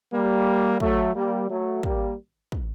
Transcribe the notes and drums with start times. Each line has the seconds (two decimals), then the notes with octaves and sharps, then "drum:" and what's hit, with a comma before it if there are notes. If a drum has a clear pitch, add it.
0.13 G3 A#3
0.80 F#3 A3, drum: kick
1.15 G3 A#3
1.49 F#3 A3
1.83 G3 A#3, drum: kick
2.52 drum: kick